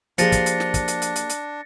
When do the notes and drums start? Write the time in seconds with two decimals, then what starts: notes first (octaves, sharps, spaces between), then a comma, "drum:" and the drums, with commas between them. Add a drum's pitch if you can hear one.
0.18 F3 A#3 D4 G4 G#4 A6 A#6 C#7, drum: hi-hat
0.32 drum: kick, hi-hat
0.46 drum: hi-hat
0.60 drum: snare
0.74 drum: kick, hi-hat
0.88 drum: hi-hat
1.02 drum: hi-hat
1.16 drum: hi-hat
1.30 drum: hi-hat